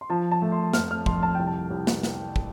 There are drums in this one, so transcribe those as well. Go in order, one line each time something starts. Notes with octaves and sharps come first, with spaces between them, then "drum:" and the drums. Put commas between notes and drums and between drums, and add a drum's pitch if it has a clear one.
C6
F3 A5
A5
A3
C6
F2 F6, drum: snare
F6
F2 C6, drum: kick
A5
C2 G5
A5
C2
drum: snare
drum: snare
drum: kick